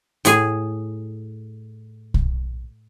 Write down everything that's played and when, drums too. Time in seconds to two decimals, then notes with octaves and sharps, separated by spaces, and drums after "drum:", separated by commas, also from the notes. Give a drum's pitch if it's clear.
0.25 A2 G#4, drum: hi-hat
2.14 drum: kick